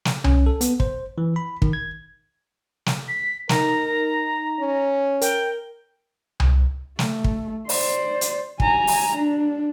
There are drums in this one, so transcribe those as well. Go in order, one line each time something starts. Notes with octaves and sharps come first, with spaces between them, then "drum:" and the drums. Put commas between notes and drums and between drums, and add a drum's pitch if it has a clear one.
drum: snare
C#4, drum: tom C2
A4
B3, drum: hi-hat
C5, drum: kick
E3
B5
D#3, drum: kick
G#6
drum: snare
B6
D#4 A#4 A#5, drum: snare
C#4
A#4 G5, drum: hi-hat
drum: tom C2
A3, drum: snare
drum: kick
C5 D5, drum: open hi-hat
drum: hi-hat
G#5 A#5, drum: kick
drum: open hi-hat
D4